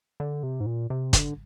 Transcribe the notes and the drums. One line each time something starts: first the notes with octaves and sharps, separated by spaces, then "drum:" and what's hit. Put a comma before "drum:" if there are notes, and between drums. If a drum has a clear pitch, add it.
D3
C3
G#2
A#2
C3
D3, drum: kick, hi-hat